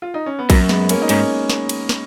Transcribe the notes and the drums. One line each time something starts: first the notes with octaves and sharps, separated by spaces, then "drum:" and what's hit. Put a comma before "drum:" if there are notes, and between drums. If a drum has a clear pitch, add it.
F4
D#4
C#4
B3
F#2 F#3 A#3, drum: kick A#1, cymbal
G#3 B3, drum: snare
A#3 C#4, drum: cymbal
D#4
G#2 A#3 C#4, drum: cymbal
drum: snare
drum: cymbal
drum: snare